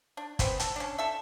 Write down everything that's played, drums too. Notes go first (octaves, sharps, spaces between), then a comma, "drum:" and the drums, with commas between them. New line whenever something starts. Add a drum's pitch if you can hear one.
D4
G#3 B3 C4, drum: kick, hi-hat
A4, drum: hi-hat
C#4 D4
A4 E5